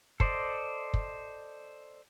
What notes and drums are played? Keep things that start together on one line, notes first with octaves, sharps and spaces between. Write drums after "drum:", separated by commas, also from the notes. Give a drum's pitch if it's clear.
A4 C5 D5 D#5, drum: kick
drum: kick